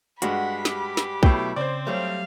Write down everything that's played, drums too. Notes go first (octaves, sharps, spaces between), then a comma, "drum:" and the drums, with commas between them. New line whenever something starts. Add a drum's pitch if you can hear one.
G2 G#3 F#4 F#5 B5, drum: hi-hat
G4, drum: snare
drum: snare
B1 B2 A3 E4 G5, drum: kick B1
C#3 C4 C5 D5
F#3 G3 A3 F5